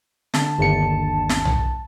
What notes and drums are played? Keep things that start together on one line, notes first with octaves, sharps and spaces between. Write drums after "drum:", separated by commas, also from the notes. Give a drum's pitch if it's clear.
D3 A5, drum: snare
G1 D#2 C#7
drum: snare
drum: tom